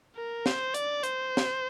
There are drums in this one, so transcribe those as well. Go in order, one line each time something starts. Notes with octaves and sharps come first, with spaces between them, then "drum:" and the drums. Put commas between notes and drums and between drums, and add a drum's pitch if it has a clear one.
A#4
C5, drum: snare
D5, drum: hi-hat
C5, drum: hi-hat
drum: snare